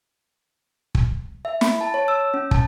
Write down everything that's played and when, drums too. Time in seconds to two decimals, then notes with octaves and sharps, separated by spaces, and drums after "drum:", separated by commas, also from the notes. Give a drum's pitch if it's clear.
0.95 drum: kick
1.45 E5
1.61 B5, drum: snare
1.81 A5
1.94 C#5
2.08 E6
2.34 C#4
2.51 A5, drum: kick